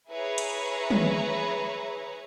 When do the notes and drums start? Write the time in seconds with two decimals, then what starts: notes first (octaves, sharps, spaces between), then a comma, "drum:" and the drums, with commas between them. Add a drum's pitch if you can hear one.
0.10 E4 G#4 B4 C#5 A#5
0.38 drum: hi-hat
0.90 drum: tom